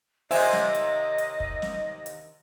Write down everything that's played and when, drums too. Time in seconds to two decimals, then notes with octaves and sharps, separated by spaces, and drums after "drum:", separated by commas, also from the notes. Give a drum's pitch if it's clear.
0.31 D#2 C3 A#3 C5 D#5 E5 G#5, drum: open hi-hat
0.53 drum: snare
0.75 drum: hi-hat
1.18 drum: hi-hat
1.40 drum: kick
1.62 drum: snare
2.06 drum: hi-hat